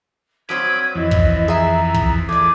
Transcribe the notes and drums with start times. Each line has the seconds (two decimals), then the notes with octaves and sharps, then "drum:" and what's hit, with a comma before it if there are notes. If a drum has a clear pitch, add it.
0.49 G2 F#3 C4 B5 D6 D#6 G#6
0.95 F2 E3 E4 D#5
1.11 drum: kick
1.48 G#4 E5 A#5
1.94 drum: kick
2.29 E2 A3 G#4 D5 D6